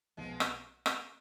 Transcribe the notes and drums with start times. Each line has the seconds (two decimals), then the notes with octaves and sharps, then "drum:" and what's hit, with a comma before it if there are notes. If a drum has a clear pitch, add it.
0.17 B1 B2 F3 G#3 B3
0.40 drum: rim click
0.86 drum: rim click